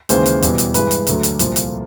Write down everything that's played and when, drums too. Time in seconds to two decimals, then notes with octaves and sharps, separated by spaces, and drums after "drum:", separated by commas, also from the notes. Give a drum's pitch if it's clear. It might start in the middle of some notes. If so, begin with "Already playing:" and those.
0.09 D#2 C#3 E3 G#3 C5, drum: hi-hat
0.26 drum: hi-hat
0.42 E2 B2 G3 B3, drum: hi-hat
0.58 drum: hi-hat
0.74 G2 E3 G#3 B4, drum: hi-hat
0.91 drum: hi-hat
1.07 D2 D3 F#3 A3, drum: hi-hat
1.23 drum: hi-hat
1.39 C2 A#2 F3, drum: hi-hat
1.56 drum: hi-hat